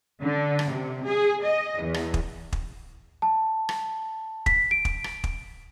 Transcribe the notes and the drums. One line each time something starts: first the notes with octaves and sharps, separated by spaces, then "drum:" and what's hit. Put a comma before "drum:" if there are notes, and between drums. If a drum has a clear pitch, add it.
D3
drum: rim click
C3
G#4
D#5
E2
drum: rim click
drum: kick
drum: kick
A5
drum: rim click
B6, drum: kick
D7
drum: kick
drum: rim click
drum: kick